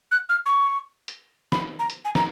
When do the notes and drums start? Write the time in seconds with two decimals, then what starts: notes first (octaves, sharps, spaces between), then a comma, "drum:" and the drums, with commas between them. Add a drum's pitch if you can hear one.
0.12 F#6
0.29 F6
0.46 C#6
1.08 drum: hi-hat
1.52 B5, drum: snare
1.79 A#5
1.90 drum: hi-hat
2.05 G#5
2.15 A#5, drum: snare